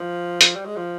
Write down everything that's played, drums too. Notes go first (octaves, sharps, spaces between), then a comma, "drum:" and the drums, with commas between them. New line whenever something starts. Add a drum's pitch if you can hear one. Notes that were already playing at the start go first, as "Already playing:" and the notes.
Already playing: F3
drum: hi-hat
G3
G#3
F3